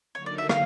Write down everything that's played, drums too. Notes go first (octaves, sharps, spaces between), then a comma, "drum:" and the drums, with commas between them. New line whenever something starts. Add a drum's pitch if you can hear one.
D3 F#3 A#3 D#4 C#5
D5
E5
F5, drum: rim click